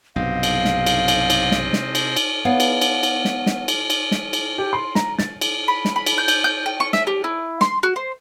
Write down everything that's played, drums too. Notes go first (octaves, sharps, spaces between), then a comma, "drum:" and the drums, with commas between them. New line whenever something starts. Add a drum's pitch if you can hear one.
B1 G2 C3 C4 D#5 F5
drum: cymbal
drum: snare
drum: cymbal
drum: cymbal
drum: cymbal
drum: snare
drum: snare
drum: cymbal
drum: cymbal
B3 C#5 D5 F5 F#5
drum: cymbal
drum: cymbal
drum: cymbal
drum: snare
drum: snare
drum: cymbal
drum: cymbal
drum: snare
drum: cymbal
G4
C6
A#5, drum: snare
A6, drum: snare
drum: cymbal
B5
drum: snare
B5
drum: cymbal
G6
drum: cymbal
G6
G5
C#6
E5, drum: snare
G4
E4
C6, drum: snare
F#4
C5